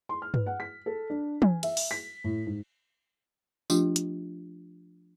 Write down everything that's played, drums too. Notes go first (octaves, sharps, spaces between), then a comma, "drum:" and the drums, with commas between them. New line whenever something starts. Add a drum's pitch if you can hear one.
C6
F6
B4, drum: tom
F#5
B6
A4
D4
G#5, drum: tom
E5, drum: cymbal
drum: open hi-hat
B6
A2
G#2
F3 A3 D4 F4 G4, drum: tambourine
drum: hi-hat